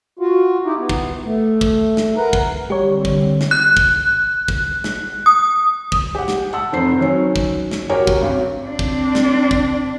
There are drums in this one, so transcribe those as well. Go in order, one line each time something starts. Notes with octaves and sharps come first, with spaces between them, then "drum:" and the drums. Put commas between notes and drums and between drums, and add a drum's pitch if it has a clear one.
F4 F#4
D#4 E4 G4
B3
drum: kick
A3
drum: kick
drum: snare
A#4 B4 F#5 A#5
drum: kick
D3 G3 C4 G4 C#5
drum: kick
drum: snare
F#6
drum: kick
drum: kick
drum: snare
D#6
drum: kick
G4 F#5
drum: snare
F#5 A5 E6
F1 C3 C4 C5 C7
D#3 F#3 C#4
drum: kick
drum: snare
C#4 F#4 G4 A#4 C#5 G5
drum: kick
G2 C3 F#4
C4 D4
drum: kick
drum: snare
drum: kick